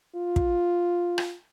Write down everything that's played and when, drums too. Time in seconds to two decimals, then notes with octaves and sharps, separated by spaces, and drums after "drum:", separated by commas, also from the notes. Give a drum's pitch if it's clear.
0.16 F4
0.36 drum: kick
1.18 drum: rim click